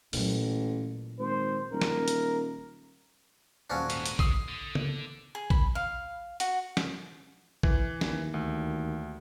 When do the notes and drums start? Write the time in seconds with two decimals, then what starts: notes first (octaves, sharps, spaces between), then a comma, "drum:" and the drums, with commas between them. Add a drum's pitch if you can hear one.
0.13 A1 A#2 F#3, drum: open hi-hat
1.19 G#1 C5
1.72 D#1 A#4
1.81 drum: snare
2.08 drum: hi-hat
3.70 D#1 F#3 C#4 D4 C5 F5
3.90 G#2, drum: hi-hat
4.06 drum: hi-hat
4.19 C6 D#6 D#7, drum: kick
4.49 D3
4.75 drum: tom C#3
5.35 G#4
5.50 B5, drum: kick
5.75 F5
6.40 F#4, drum: hi-hat
6.77 drum: snare
7.63 E3, drum: kick
8.01 D#2, drum: snare
8.34 D2